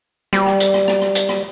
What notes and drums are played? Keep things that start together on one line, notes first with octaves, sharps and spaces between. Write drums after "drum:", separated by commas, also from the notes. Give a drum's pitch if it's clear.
G3, drum: rim click
drum: rim click
drum: hi-hat
drum: rim click
drum: rim click
drum: rim click
drum: hi-hat
drum: rim click